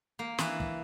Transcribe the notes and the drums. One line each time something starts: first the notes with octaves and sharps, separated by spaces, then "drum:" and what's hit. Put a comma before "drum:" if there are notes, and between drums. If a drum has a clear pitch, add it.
A#3
E3, drum: snare
drum: kick